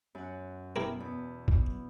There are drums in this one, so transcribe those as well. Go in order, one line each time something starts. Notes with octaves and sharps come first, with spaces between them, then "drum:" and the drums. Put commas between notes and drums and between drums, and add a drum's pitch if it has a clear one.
F#2 F#5
B2 E4 G4 A#4
E2
drum: kick